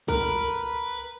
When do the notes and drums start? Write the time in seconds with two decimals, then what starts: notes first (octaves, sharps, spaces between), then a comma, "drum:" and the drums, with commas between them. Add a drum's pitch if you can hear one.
0.08 A#4 B4, drum: kick B1